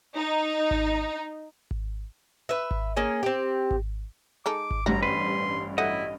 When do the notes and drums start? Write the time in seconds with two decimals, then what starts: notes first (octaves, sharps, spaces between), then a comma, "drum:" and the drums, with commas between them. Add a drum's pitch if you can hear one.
0.17 D#4
0.71 drum: kick G#1
1.71 drum: kick G#1
2.49 B4 E5
2.71 drum: kick G#1
2.96 A#3 C#4 G#4
3.23 C4 G4
3.71 drum: kick G#1
4.46 G#3 D#4 A4 D6
4.71 drum: kick G#1
4.86 A1 G2 G3 F#4 C5 F#5 A#5
5.03 B4 C6
5.78 F#3 A3 E4 D#5 F#5